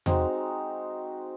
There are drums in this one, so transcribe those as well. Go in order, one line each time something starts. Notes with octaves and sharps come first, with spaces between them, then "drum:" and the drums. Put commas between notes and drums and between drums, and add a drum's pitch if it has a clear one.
G#3 C4 D#4 F#4, drum: tom E2